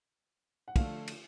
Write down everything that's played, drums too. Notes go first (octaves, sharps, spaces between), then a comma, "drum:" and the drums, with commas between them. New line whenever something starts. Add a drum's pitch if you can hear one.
F#5
D3 F3 A3 F5, drum: kick, cymbal
drum: cymbal